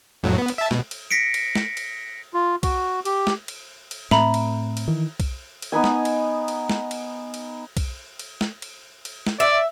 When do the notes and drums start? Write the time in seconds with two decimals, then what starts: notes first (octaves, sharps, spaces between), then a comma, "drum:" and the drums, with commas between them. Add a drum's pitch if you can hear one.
0.23 F2 A2 F#3
0.38 B3
0.48 drum: cymbal
0.58 E5 A5
0.71 B2, drum: snare
0.91 drum: cymbal
1.11 A#6 B6 C#7 D7
1.34 drum: cymbal
1.55 drum: snare
1.77 drum: cymbal
2.34 F4
2.63 F#4, drum: kick B1, cymbal
3.05 G4, drum: cymbal
3.27 drum: snare
3.48 drum: cymbal
3.91 drum: cymbal
4.11 A2 A3 C4 E5 A#5 B5, drum: snare
4.34 drum: cymbal
4.77 drum: cymbal
4.88 D#3 E3
5.20 drum: kick B1, cymbal
5.62 drum: cymbal
5.72 B3 D#4 B4 G#5
5.84 drum: snare
6.05 drum: cymbal
6.48 drum: cymbal
6.70 drum: snare
6.91 drum: cymbal
7.34 drum: cymbal
7.77 drum: kick B1, cymbal
8.19 drum: cymbal
8.41 drum: snare
8.62 drum: cymbal
9.05 drum: cymbal
9.27 drum: snare
9.40 D5 E5